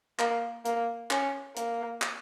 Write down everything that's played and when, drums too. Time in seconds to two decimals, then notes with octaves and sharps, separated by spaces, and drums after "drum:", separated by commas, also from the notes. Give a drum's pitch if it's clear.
0.19 A#3, drum: clap
0.65 A#3, drum: hi-hat
1.11 C#4, drum: clap
1.56 A#3, drum: hi-hat
2.02 drum: clap